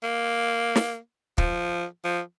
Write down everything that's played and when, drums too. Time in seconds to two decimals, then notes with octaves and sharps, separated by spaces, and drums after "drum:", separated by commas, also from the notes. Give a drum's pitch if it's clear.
0.03 A#3
0.76 drum: snare
1.38 F3, drum: kick
2.05 F3